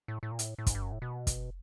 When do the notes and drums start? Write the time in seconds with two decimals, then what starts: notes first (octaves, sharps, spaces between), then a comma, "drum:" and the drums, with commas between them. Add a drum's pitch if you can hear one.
0.08 A2
0.23 A2
0.32 A#2
0.39 A2, drum: hi-hat
0.58 A2
0.67 G#2, drum: kick, hi-hat
0.75 G2
0.82 F#2
0.92 A2
1.02 B2
1.27 drum: kick, hi-hat